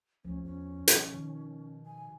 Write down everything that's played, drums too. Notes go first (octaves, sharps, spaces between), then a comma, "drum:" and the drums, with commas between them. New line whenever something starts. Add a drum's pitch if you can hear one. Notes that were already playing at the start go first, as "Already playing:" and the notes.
D2 F3 C#4
E2 C#4
B2, drum: hi-hat
D#3
G#5